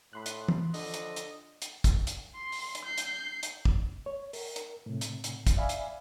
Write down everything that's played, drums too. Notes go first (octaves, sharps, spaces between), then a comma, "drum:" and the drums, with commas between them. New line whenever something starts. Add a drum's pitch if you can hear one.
A2 B5 C6 F#6
drum: hi-hat
drum: tom E3
D3 F3 D#5, drum: open hi-hat
drum: hi-hat
drum: hi-hat
drum: hi-hat
drum: kick, hi-hat
drum: hi-hat
C6
drum: open hi-hat
drum: hi-hat
G6 C7
drum: hi-hat
drum: hi-hat
drum: kick
C#5
A#4, drum: open hi-hat
drum: hi-hat
A2 C3
drum: hi-hat
drum: hi-hat
drum: kick, hi-hat
D5 E5 F5 G#5 B5
drum: hi-hat